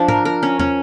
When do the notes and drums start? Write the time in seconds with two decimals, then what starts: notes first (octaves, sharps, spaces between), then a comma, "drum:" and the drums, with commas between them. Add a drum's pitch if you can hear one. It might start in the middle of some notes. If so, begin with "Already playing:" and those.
Already playing: F3 D4
0.08 A#4, drum: tom G#2
0.25 A#4
0.43 C#4
0.59 C#4, drum: tom E2